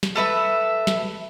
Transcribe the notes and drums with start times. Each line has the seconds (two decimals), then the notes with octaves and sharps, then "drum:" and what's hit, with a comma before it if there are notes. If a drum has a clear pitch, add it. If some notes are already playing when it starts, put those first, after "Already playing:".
0.03 drum: snare
0.15 A4 B4 E5 B5
0.87 drum: snare